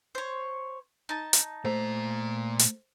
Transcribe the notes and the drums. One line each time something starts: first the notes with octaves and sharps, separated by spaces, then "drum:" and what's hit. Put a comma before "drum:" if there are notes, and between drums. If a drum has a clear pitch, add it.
C5 C#5
D#4 A5
drum: hi-hat
A#2 A3 C5 A#5
drum: hi-hat